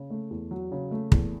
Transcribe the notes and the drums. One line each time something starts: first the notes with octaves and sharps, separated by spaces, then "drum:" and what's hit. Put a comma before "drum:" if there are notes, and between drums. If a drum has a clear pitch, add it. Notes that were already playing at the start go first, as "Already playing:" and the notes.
Already playing: C#3
A3
E2
F#3
C#3
A3
E2, drum: kick